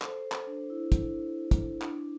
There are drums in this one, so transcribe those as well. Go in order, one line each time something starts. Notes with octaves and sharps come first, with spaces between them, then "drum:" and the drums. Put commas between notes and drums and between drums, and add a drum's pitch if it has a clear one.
A4 C5, drum: clap
drum: clap
D4
E4
drum: kick, hi-hat
drum: kick, hi-hat
D4, drum: clap